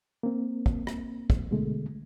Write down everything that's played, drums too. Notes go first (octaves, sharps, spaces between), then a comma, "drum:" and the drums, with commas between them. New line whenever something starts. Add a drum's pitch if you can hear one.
A#3 C4
drum: kick
drum: rim click
drum: kick
B2 D3 G#3 A3